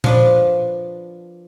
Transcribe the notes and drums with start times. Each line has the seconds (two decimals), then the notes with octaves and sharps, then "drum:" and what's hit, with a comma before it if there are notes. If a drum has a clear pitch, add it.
0.04 F3 D4 B4, drum: tom A#2